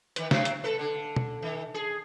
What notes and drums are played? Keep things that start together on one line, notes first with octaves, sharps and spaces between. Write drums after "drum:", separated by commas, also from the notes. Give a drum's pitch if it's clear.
D#3 B4, drum: hi-hat
C3 F#3 C4, drum: snare
drum: hi-hat
A4 B4
D3
drum: tom B2
D#3
G#4